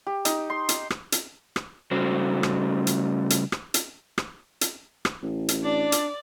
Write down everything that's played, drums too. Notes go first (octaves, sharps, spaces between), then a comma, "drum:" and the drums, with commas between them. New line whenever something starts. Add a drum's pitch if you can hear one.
G4
D#4, drum: hi-hat
C6
drum: hi-hat
drum: rim click
drum: hi-hat
drum: rim click
C#3 G3 A3 C#4 F#4 C5
drum: rim click
drum: hi-hat
drum: hi-hat
drum: rim click
drum: hi-hat
drum: rim click
drum: hi-hat
drum: rim click
A1
drum: hi-hat
D4 D5
drum: hi-hat